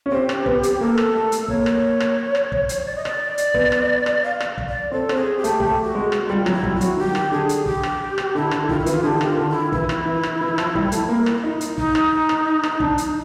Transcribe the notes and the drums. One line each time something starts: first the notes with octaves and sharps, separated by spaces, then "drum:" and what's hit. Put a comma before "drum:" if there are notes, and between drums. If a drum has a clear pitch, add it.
C#4
C4 G4
drum: rim click
B3, drum: kick
drum: hi-hat
A#3 A4
drum: rim click
A3
drum: hi-hat
A#3 C#5, drum: kick
drum: rim click
drum: rim click
drum: rim click
drum: kick
drum: hi-hat
D5
D#5
D5, drum: rim click
drum: hi-hat
B3, drum: kick
drum: rim click
drum: rim click
F5
drum: rim click
drum: kick
D5
C4 A4
C4, drum: rim click
G#4
G4
A3, drum: hi-hat
A3 G4, drum: kick
F#4
G#3
drum: rim click
G3 F#4
F4
F#3, drum: rim click
E4
G3, drum: kick
F#4
F#3, drum: hi-hat
D#3 G4
drum: rim click
D3 G#4
drum: hi-hat
G4, drum: kick
drum: rim click
drum: rim click
D3 E4
D3, drum: rim click
D#3 F4, drum: kick
E4
E3, drum: hi-hat
F4
D3 G#4
G4
D#3, drum: rim click
F4
D3
E4
D#3
E3 E4, drum: kick
drum: rim click
E3
drum: rim click
E3
F3, drum: rim click
G3, drum: kick
A3, drum: hi-hat
A#3
drum: rim click
D#4
drum: hi-hat
D#4, drum: kick
drum: rim click
drum: rim click
drum: rim click
D4, drum: kick
drum: hi-hat